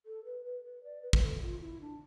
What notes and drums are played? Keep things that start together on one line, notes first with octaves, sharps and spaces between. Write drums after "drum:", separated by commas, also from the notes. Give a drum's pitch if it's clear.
A4
B4
B4
B4
D5
B4
B4, drum: kick
A4
F4
E4
D4